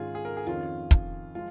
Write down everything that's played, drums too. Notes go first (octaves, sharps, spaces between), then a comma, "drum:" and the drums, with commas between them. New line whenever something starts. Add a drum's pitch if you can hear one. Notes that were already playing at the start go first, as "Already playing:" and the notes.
Already playing: G#2 D#3 G#3 C#4 F4 G#4
G#4
A#4
G#4
F2 D#3 C#4 F4
drum: kick, hi-hat
F3 G#3 F4